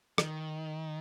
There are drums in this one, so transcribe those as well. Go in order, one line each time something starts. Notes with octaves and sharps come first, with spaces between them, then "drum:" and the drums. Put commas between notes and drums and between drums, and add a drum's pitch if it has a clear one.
D#3, drum: rim click